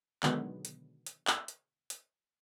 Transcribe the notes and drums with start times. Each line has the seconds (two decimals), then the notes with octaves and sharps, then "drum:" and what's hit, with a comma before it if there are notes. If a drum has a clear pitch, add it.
0.23 B2 D3 D#3 F#3 G#3 B3, drum: clap
0.65 drum: hi-hat
1.06 drum: hi-hat
1.27 drum: clap
1.48 drum: hi-hat
1.90 drum: hi-hat